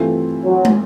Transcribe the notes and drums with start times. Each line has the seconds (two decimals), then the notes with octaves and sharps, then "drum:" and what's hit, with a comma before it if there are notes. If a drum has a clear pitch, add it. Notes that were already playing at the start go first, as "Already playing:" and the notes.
Already playing: G2 E3 A3 C4 F4
0.44 F#3
0.65 drum: tom